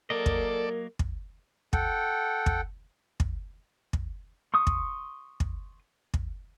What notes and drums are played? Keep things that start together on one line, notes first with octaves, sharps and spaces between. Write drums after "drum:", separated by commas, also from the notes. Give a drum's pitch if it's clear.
F#3 A#3 A4 A#4 D5 D#5
drum: kick
drum: kick
A4 F#5 G5, drum: kick
drum: kick
drum: kick
drum: kick
C6 C#6 D#6
drum: kick
drum: kick
drum: kick